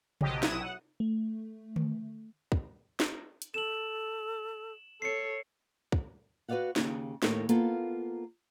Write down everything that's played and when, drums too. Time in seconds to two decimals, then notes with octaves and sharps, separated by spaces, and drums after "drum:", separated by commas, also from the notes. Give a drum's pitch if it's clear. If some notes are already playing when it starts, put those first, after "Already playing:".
0.21 A#1 F3 F#3 G4 D#5, drum: tom C3
0.43 B1 F#3 E4 D#6 E7, drum: snare
0.61 F#5
1.00 A3
1.76 drum: tom D3
2.52 drum: kick
3.00 drum: snare
3.42 drum: hi-hat
3.54 A4 E7 F#7
5.02 A4 C#5 C7 C#7
5.92 drum: kick
6.49 F#4 B4 C5 D5 F5 F#5
6.76 D#2 C#3, drum: snare
7.22 D#2 A2 A4 A#4 C#5, drum: snare
7.49 A#3 B3 F4 A4, drum: hi-hat